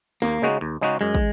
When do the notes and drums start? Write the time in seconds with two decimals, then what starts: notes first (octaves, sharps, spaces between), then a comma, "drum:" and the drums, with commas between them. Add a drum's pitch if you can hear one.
0.22 D#2 A#3, drum: snare
0.42 C#3 G#3 D#4 F#4
0.61 D#2
0.81 C#3 G#3 D#4 F#4
1.01 F#2 G#3
1.14 drum: kick